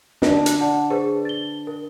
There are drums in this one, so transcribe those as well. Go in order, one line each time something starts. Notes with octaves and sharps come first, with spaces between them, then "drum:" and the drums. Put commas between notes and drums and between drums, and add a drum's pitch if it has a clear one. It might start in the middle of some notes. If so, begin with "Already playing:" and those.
D4, drum: snare
drum: hi-hat
D5 F#5 A5
G#4 B4 C5
A6 G7
A#4